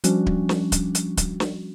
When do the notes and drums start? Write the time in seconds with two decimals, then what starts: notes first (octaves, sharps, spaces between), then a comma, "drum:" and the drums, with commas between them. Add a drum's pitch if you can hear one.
0.04 F3 G3 C#4 D4 F#4, drum: hi-hat
0.26 drum: kick D1
0.49 drum: snare
0.72 drum: kick D1, hi-hat
0.95 drum: hi-hat
1.17 drum: kick D1, hi-hat
1.40 drum: snare